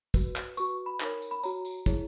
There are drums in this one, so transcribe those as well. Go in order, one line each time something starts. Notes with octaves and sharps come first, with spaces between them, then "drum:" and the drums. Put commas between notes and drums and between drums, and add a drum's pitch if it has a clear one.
F#4 B4, drum: kick, tambourine
drum: clap
F#4 B4 C#6, drum: tambourine
B5
D#4 A#4 C#5, drum: clap
drum: tambourine
B5
F#4 C#5 A#5, drum: tambourine
drum: tambourine
E4 G#4 C#5, drum: kick, tambourine